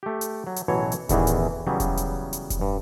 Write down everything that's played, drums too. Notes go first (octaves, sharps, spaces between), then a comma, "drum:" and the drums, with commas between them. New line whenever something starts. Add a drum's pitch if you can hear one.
A3 G4
drum: hi-hat
F#3
drum: hi-hat
A1 B2 E3 F#3 C#5
drum: hi-hat
A1 E2 D#3 E3, drum: kick E1, hi-hat
drum: hi-hat
C#3 E3 F#3 G3 B3
drum: kick E1, hi-hat
drum: hi-hat
drum: hi-hat
drum: kick E1, hi-hat
G2